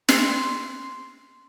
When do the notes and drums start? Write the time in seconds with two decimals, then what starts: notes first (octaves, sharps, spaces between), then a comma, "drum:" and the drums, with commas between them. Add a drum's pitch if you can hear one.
0.09 C6, drum: snare